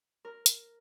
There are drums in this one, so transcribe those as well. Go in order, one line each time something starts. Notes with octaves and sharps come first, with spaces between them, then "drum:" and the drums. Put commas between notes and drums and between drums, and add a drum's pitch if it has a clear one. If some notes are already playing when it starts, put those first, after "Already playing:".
A#4
drum: hi-hat